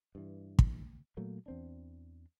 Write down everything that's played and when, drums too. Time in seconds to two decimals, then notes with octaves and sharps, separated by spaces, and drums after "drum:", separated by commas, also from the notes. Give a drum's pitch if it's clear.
0.15 G2 E3
0.59 drum: kick
1.17 A#2 F#3 A3 A#3
1.46 E2 C4 D4